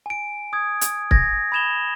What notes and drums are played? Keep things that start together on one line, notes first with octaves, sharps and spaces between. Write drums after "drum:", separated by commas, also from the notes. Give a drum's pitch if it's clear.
G#5 D7
D#6 G#6
drum: hi-hat
G#6 A#6, drum: kick C#1
B5 D#6 G#6 E7 F7 G7